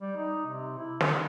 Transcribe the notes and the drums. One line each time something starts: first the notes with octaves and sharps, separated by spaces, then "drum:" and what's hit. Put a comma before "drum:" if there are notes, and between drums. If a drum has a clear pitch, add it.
G3
D#4
C3
E4
D4, drum: snare